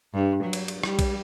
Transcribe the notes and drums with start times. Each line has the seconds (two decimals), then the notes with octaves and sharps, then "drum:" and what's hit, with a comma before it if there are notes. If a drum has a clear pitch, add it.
0.14 G2
0.44 F#3
0.53 drum: cymbal
0.68 drum: cymbal
0.83 G3, drum: rim click
0.99 drum: kick B1, cymbal